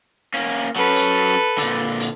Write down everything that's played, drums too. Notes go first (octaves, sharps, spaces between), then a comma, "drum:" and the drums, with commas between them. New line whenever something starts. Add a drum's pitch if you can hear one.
A#3 C#4
F#3 C#4 A4 B4
drum: hi-hat
A#2 D3, drum: hi-hat
drum: hi-hat